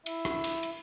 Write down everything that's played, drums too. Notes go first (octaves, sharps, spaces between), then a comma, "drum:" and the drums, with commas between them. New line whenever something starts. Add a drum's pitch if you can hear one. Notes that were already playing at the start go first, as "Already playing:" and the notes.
E4 E5, drum: cymbal
drum: rim click
drum: cymbal
drum: cymbal